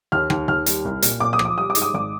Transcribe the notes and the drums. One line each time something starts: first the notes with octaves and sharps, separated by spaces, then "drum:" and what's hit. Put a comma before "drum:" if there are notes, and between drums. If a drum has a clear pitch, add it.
D#2 F6
D#2, drum: rim click
D#2 F6
G3, drum: hi-hat
C2
A#2, drum: hi-hat
A#2 D6
D#6
F3, drum: rim click
D6
G3 D#6
D6
G#2, drum: hi-hat
D#6
G#1 D6